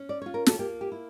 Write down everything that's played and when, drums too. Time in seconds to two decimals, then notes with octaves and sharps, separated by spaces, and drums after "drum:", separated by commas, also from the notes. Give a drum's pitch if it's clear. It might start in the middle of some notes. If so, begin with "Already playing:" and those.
Already playing: C#4
0.09 D5
0.22 F4 C#5
0.34 A#4
0.46 A4, drum: snare
0.59 A#3 G4
0.81 G4
0.92 E4